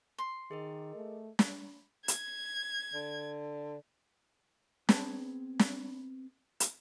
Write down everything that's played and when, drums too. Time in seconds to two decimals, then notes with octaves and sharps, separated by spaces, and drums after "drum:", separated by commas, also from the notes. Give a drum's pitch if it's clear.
0.18 C6
0.51 D#3 G#4 A#4 D#5
0.95 A3
1.39 drum: snare
2.08 G#6, drum: hi-hat
2.94 D3
4.89 B3 C4 G#4 B4 A5, drum: snare
5.59 drum: snare
6.60 drum: hi-hat